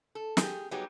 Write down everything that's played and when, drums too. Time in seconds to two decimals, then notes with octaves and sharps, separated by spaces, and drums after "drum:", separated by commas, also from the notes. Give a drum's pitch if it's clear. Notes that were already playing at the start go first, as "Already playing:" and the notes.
0.15 A4
0.37 G4 G#4, drum: snare
0.71 F#3 G3 B3 D#4 G4 G#4